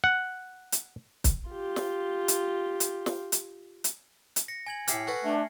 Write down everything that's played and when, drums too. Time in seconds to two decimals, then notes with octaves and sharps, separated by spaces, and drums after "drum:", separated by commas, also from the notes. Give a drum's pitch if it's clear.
0.04 F#5
0.72 drum: hi-hat
1.24 drum: kick, hi-hat
1.50 F4 G4
1.76 drum: snare
2.28 drum: hi-hat
2.80 drum: hi-hat
3.06 drum: snare
3.32 drum: hi-hat
3.84 drum: hi-hat
4.36 drum: hi-hat
4.48 A#6 C#7
4.66 G#5 G#6 F#7
4.88 A2 G4 E5 F6 C7 C#7, drum: hi-hat
5.07 F#4 A4 B4
5.24 A3 D4